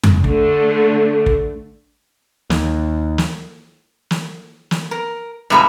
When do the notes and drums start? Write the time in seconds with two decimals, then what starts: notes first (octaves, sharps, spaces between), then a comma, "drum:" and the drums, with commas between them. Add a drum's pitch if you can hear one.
0.03 drum: tom F2
0.24 D3 A3, drum: kick
1.26 drum: kick
2.50 D#2, drum: snare
3.18 drum: snare
4.11 drum: snare
4.71 drum: snare
4.91 A#4
5.50 G2 B2 G#3 E5 A#5 B5